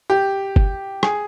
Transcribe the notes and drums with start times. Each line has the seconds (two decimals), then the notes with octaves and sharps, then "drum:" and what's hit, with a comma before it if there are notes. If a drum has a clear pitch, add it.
0.10 G4
0.56 drum: kick G1
1.03 G#4, drum: rim click